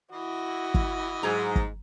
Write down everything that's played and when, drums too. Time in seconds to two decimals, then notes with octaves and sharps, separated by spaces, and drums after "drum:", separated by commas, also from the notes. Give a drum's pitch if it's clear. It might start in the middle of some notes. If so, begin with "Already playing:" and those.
0.12 E3 E4 F#4 D#5
0.74 drum: kick
1.23 G#2 F#3 G#4 A#5
1.56 drum: kick